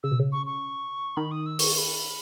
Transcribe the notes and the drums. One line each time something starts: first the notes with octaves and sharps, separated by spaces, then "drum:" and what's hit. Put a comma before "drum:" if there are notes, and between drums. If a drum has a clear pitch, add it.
C#3 E6
B2
C#3
C#6
C#6
D#3 B5
D#6
E6
C#6, drum: open hi-hat
C#6
B5